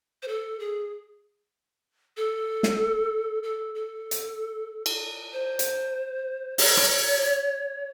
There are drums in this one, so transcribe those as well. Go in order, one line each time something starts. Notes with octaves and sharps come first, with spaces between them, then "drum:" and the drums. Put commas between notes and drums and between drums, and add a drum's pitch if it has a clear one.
C5
A4
G#4
A4
drum: snare
A4
A4
drum: hi-hat
drum: cymbal
C5
drum: hi-hat
C#5, drum: open hi-hat
drum: rim click